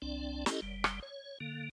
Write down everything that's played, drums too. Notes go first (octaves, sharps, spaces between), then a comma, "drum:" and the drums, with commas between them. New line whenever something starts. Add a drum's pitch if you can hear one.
C2 C4 D4 D5
C#4 E4 G4 A4 D#5, drum: snare
F#1 G3
drum: rim click
C#5
D3 A#3